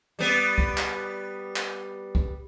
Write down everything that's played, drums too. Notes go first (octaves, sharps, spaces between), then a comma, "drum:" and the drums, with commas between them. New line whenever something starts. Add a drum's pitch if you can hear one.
G3 B3
drum: kick
drum: clap
drum: clap
drum: kick